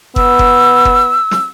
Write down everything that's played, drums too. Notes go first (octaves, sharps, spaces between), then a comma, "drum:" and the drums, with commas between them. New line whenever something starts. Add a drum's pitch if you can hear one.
B3 E6, drum: kick F#1
drum: kick F#1
drum: kick F#1
drum: snare